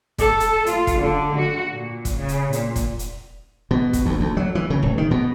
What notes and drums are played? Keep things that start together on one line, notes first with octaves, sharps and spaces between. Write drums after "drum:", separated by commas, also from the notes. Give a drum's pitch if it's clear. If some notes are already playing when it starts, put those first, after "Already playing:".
A4, drum: kick F1, hi-hat
drum: hi-hat
F4, drum: hi-hat
drum: kick F1, hi-hat
D3
F#4
A#2
drum: kick F1, hi-hat
C#3
drum: hi-hat
A#2, drum: hi-hat
drum: kick F1, hi-hat
drum: hi-hat
B2
drum: kick F1, hi-hat
D2
D2
F#3
E3
C#3
D1
D#3
B2